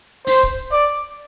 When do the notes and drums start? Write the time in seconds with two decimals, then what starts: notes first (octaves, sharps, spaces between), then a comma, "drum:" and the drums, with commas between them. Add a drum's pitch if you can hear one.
0.27 C5, drum: open hi-hat
0.43 drum: kick
0.72 D5